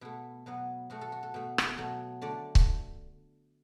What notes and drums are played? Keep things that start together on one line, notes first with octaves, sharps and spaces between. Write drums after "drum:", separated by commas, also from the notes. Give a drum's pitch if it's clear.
B2 A3 E4
B2 F#3 B3
B2 A3 F#4
A4
F#4
A4
B2 A3
drum: rim click
B2 F#3 A3
D3 A3 D5
drum: kick C#1